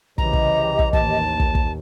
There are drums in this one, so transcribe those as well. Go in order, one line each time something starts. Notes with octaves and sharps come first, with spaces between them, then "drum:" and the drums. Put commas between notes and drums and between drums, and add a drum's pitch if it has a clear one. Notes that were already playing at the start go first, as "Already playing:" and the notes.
C2 C#3 E3 G4 D#5 A#5, drum: kick
drum: kick
drum: kick
A1 D#2 A5, drum: kick
drum: kick
drum: kick